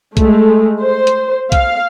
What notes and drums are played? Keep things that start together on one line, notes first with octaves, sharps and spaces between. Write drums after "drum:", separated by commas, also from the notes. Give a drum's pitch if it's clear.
G#3 A3, drum: kick B1, hi-hat
C5
drum: hi-hat
F5, drum: kick B1, hi-hat